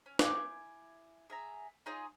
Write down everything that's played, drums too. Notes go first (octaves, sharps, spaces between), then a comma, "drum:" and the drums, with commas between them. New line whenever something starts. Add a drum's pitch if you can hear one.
C#4
E4 G#5 D6 G6, drum: snare
G#4 E5 A#5
D#4 F4 G#4 C#5